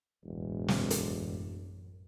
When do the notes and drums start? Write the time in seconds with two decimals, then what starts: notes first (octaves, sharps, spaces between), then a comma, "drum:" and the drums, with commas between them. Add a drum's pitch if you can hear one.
0.24 E1 A1 F#2
0.68 drum: snare
0.90 drum: hi-hat